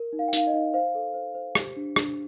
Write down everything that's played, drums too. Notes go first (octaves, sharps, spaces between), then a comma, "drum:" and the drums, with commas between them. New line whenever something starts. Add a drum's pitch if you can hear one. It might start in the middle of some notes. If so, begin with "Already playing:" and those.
Already playing: A#4
D#4
F5
G5
D#4 F5, drum: hi-hat
D#5
D#4
C5 F5
A4
C5
C5
G4, drum: rim click
D4
D4, drum: rim click